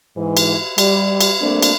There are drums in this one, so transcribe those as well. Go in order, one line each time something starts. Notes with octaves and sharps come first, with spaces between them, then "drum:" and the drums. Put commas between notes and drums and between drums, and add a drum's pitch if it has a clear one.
G#2 E3
drum: cymbal
G3, drum: cymbal
drum: cymbal
G3 A3 A#3 C4 D4
drum: cymbal